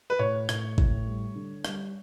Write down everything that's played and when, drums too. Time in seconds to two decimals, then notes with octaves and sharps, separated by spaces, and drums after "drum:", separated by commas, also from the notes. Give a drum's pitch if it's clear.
0.10 B4
0.19 A2 C#5
0.49 A2, drum: rim click
0.78 A2, drum: kick G#1
1.07 G3
1.35 D3
1.65 G3, drum: rim click